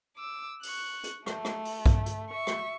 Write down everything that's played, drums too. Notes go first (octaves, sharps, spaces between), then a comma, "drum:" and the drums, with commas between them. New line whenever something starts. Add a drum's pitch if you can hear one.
D6 E6
C#6 F#6, drum: open hi-hat
drum: hi-hat
A3, drum: rim click
drum: rim click
drum: open hi-hat
drum: kick, hi-hat
drum: hi-hat
E5 C#6
drum: rim click